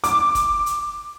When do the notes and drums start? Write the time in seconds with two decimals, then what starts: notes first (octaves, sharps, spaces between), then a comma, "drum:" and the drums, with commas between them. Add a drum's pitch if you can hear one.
0.04 D6, drum: hi-hat
0.35 drum: kick, hi-hat
0.66 drum: hi-hat